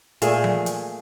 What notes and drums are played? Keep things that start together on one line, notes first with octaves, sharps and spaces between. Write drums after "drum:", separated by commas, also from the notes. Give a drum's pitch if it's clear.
A#2 A3 G#4, drum: hi-hat
drum: tom F3
drum: hi-hat